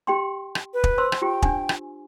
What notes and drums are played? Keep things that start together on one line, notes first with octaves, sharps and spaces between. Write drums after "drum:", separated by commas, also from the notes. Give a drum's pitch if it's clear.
G4 G5 C6
drum: rim click
B4
drum: kick
C5 C6 E6
drum: rim click
F4 G4 G5
D4 G#5, drum: kick
drum: rim click